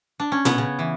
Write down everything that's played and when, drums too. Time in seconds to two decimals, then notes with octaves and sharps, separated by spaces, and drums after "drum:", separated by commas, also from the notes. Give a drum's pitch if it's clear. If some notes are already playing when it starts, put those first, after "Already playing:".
0.20 D4
0.32 C#4
0.45 B3, drum: tom A#2
0.58 C#3
0.79 E3